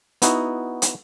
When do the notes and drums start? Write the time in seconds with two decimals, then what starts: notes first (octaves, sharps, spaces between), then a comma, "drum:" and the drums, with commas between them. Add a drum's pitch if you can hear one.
0.22 B3 D#4 E4 F#4, drum: hi-hat
0.82 drum: hi-hat